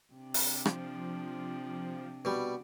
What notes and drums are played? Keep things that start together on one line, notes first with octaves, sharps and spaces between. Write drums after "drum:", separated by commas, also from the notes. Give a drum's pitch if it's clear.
C3 D4
drum: open hi-hat
F3, drum: rim click
B2 G3